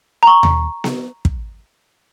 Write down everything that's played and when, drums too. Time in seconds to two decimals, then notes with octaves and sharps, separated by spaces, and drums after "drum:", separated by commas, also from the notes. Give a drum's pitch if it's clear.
0.23 A#5 C#6
0.43 drum: tom D#2
0.84 drum: snare B3
1.25 drum: kick